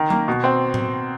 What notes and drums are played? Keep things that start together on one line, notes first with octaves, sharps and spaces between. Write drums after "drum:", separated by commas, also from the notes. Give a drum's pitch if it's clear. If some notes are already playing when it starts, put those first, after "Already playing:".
Already playing: D#3
A#3, drum: tom F#3
B2
C4
drum: tom A2